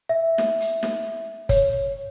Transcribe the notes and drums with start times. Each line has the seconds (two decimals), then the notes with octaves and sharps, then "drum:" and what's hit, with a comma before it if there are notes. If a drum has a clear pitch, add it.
0.09 E5
0.38 drum: snare
0.60 drum: hi-hat
0.83 drum: snare
1.49 C#5, drum: kick, hi-hat